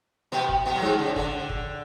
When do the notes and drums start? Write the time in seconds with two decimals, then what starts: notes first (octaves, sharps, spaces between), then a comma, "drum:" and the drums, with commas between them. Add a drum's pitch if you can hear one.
0.32 B2 B3
0.49 drum: kick
0.66 B2 B3
0.76 F#3
0.82 G#2 G#3
0.99 C#3
1.16 D3, drum: kick
1.49 drum: kick